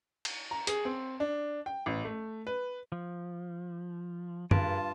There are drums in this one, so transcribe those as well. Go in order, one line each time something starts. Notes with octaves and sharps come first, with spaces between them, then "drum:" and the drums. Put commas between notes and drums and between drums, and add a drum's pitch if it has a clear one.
drum: cymbal
A#5
G#4, drum: hi-hat
C4
D4
G5
A1
A3
B4
F3
G2 F4 G#4 A#4 B4 A5, drum: tom F#2